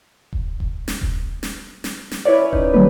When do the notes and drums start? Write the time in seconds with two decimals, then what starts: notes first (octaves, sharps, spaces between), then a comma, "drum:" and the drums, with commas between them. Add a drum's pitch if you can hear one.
0.33 drum: kick D#1
0.60 drum: kick D#1
0.88 drum: snare
1.01 drum: kick D#1
1.43 drum: snare
1.84 drum: snare
2.11 drum: snare
2.25 E4 B4 C#5 D5
2.39 C#4
2.53 D#4, drum: kick D#1
2.74 D#3 F#3 G3 A3 A#3 B4